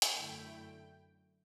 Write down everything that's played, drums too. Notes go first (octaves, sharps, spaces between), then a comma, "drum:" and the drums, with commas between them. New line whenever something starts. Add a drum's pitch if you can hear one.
drum: hi-hat
F#2 D3 A3 E4 G5